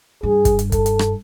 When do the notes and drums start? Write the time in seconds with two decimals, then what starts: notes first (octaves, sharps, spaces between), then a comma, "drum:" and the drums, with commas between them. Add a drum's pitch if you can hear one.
0.23 G2 G#4
0.45 drum: kick, hi-hat
0.59 drum: hi-hat
0.72 A4, drum: kick, hi-hat
0.86 drum: hi-hat
0.99 drum: rim click